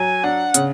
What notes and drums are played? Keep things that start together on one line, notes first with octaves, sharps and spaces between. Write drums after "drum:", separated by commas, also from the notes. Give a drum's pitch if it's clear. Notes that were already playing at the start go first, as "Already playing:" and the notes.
Already playing: F#3 G#5
D4 F#5
C#3, drum: hi-hat